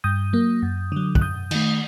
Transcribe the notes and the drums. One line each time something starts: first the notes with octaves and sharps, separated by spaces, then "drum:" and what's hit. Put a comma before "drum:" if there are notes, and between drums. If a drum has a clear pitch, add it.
G2 D#6 G6
F#3 A#3
F#2
D3 F#3
F#6, drum: kick
F#2 D#6 G6
D#3 A3, drum: cymbal